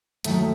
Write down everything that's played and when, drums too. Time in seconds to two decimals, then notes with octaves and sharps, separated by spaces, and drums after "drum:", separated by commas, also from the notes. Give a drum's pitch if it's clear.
0.24 D#2 D#3 F#3 A3, drum: hi-hat